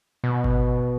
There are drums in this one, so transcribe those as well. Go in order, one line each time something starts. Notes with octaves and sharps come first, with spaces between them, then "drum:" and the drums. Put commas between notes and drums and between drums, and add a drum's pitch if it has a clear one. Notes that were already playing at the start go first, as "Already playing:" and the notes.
B2
drum: kick G#1